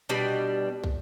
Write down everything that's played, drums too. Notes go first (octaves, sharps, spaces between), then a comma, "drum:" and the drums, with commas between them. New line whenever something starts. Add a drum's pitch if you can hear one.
B2 G3 D4
drum: kick